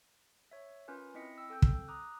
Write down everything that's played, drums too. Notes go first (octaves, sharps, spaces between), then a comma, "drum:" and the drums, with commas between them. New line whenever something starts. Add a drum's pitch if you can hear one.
C#5 E5
C#4 F4 A#4 B4 G#5
C4 E4 D#5 B6 C#7
G5 E6
C4 A4 G5 E6 G6
drum: kick
A#5 D6 D#6 F#6